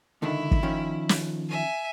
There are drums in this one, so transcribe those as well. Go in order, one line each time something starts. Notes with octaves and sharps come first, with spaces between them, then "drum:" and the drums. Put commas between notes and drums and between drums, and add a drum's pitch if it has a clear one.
C#2 D3 D#3 E4
drum: kick
D#3 F3 C#4
drum: snare
E5 G#5